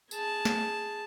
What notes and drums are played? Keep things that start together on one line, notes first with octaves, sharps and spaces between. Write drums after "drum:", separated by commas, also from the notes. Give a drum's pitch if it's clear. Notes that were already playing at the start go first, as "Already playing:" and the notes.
G#4 A5, drum: tambourine
drum: snare